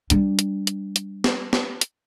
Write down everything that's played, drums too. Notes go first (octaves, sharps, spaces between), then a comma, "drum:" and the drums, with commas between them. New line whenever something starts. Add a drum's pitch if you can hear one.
G3 D4, drum: hi-hat
drum: hi-hat
drum: hi-hat
drum: hi-hat
drum: snare
drum: snare
drum: hi-hat